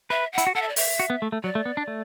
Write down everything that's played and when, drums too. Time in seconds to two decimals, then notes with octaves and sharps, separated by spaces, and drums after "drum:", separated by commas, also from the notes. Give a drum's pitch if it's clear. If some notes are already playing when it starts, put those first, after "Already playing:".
0.10 B4 E5
0.33 F#5
0.38 E4, drum: hi-hat
0.47 F#4
0.55 A4 F#5
0.62 E5
0.68 D5
0.76 E5, drum: open hi-hat
0.99 F#4
1.10 B3
1.22 A3
1.32 A3
1.43 F#3 D5
1.55 A3
1.66 B3
1.77 D4
1.88 A3